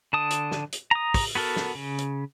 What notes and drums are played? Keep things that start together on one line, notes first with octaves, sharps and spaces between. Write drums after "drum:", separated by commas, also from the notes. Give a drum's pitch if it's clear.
D3 A5 D#6
drum: hi-hat
drum: snare
drum: hi-hat
A#5 D#6
drum: kick, open hi-hat
B3 F#4 A4 A#4
drum: snare
C#3
drum: hi-hat